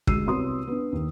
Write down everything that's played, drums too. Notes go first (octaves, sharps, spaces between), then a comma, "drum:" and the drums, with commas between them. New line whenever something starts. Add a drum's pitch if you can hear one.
D2 G#3 E6 C7 D#7, drum: kick
C2 B3 F#4 C#5 C6 D#6
B3 D4
D#2